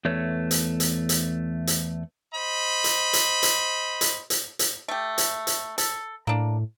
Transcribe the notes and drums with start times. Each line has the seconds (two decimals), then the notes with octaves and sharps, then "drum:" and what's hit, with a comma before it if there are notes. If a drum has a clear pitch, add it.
0.05 E2 A3 B4 C#5
0.51 drum: hi-hat
0.80 drum: hi-hat
1.09 drum: hi-hat
1.67 drum: hi-hat
2.34 C5 D#5 B5
2.84 drum: hi-hat
3.13 drum: hi-hat
3.43 drum: hi-hat
4.01 drum: hi-hat
4.30 drum: hi-hat
4.59 drum: hi-hat
4.88 A3 G4
5.18 drum: hi-hat
5.47 drum: hi-hat
5.78 A4, drum: hi-hat
6.27 A2 A#3 D4